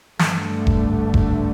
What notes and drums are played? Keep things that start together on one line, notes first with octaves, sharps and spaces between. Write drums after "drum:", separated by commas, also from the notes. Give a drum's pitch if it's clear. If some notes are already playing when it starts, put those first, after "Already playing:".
G2 D3 A3, drum: snare
drum: kick E1
drum: kick E1